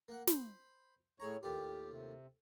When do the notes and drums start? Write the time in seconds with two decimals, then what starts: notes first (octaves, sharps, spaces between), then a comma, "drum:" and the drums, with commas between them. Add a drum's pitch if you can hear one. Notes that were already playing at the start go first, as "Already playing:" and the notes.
0.08 A#3 F#5
0.27 C5 B5, drum: snare
1.20 A2 G#4 C#5 A#5
1.43 D#2 A2 F4 G4
1.91 C3